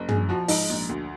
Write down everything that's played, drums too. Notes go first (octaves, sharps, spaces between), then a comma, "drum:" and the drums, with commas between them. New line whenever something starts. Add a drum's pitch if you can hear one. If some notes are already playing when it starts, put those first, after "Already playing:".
Already playing: F#1
A#1 G#4, drum: tom
F3 F#4
G#2 D#4, drum: open hi-hat
A#1
D2